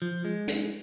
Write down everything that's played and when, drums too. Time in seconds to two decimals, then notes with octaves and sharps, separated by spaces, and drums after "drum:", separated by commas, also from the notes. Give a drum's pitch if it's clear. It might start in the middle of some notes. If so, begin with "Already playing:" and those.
0.02 F3
0.25 G#3
0.48 drum: hi-hat